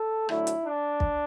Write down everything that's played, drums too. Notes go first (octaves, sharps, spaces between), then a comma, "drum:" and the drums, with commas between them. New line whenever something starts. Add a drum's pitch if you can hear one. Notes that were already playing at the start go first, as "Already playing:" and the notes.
Already playing: A4
D2 D3 F#3 A3 E4, drum: rim click
drum: hi-hat
D4
drum: kick